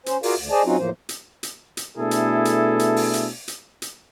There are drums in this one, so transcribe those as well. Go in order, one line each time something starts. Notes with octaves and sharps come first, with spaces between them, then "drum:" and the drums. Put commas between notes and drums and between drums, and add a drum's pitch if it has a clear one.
C#4 C5, drum: hi-hat
F4 F#4 G#4 A#4 D5 F5, drum: open hi-hat
D2
G#4 C5 D5 D#5 G#5 A5
F#3 C4 C#4 D#4 F4 F#4
E2 A2 F3 A#3 C5
drum: hi-hat
drum: hi-hat
drum: hi-hat
B2 A3 D4 E4 G#4 A4
drum: hi-hat
drum: hi-hat
drum: hi-hat
drum: open hi-hat
drum: hi-hat
drum: hi-hat
drum: hi-hat